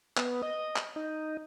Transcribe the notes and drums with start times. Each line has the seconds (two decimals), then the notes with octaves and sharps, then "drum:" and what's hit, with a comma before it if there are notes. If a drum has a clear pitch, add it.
0.17 B3, drum: clap
0.43 D#5
0.76 drum: clap
0.96 D#4